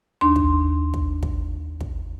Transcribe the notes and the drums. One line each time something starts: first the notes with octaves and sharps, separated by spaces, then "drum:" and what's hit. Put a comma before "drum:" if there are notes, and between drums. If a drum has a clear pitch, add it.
D#2 D4 C6
drum: kick
drum: kick
drum: kick
drum: kick